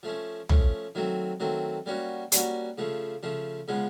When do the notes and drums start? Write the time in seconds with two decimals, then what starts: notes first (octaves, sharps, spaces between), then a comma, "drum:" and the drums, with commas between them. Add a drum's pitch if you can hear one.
0.03 F3 A3 C#4
0.49 F3 A3 C#4, drum: tom
0.95 D#3 F#3 A3 C4
1.40 D#3 F#3 A3 C4
1.86 G3 A#3 C#4 F#4
2.32 G3 A#3 C#4 F#4, drum: hi-hat
2.78 C#3 F3 A3
3.23 C#3 F3 A3
3.68 C#3 F3 G#3 B3